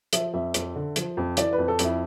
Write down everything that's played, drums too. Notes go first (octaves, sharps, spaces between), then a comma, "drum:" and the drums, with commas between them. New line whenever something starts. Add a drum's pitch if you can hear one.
F3 E5, drum: hi-hat
F2 E5
F2, drum: hi-hat
D3
F3, drum: hi-hat
F2
E3 D5, drum: hi-hat
B4
F2
A4
F2, drum: hi-hat
E4